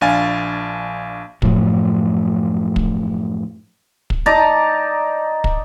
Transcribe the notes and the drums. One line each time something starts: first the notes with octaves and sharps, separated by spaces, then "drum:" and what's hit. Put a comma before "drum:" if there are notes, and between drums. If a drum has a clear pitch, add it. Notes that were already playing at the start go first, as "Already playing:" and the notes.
A#1 D4 F5 G#5 A6
F#2 A2 F3, drum: kick
drum: kick
drum: kick
D#4 D5 A5 A#5
drum: kick